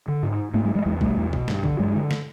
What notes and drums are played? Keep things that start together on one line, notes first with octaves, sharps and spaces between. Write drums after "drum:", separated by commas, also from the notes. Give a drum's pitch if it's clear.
D3
G#2
G#2 A3 B3
G3 A3
F#3 G#3
E2 F#3 G#3
B2 G3 A3, drum: kick
E2
B2, drum: kick
G2, drum: snare
D3, drum: kick
G2 F#3 G#3
D3
drum: snare